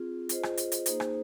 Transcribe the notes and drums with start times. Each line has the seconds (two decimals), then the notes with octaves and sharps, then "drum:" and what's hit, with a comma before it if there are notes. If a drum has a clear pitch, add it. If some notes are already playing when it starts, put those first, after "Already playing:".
Already playing: C4 F4 G#4
0.29 F4 G#4 C5 D#5, drum: hi-hat
0.43 drum: rim click
0.57 drum: hi-hat
0.72 drum: hi-hat
0.86 A#3 D#4 G#4 C5, drum: hi-hat
1.00 drum: rim click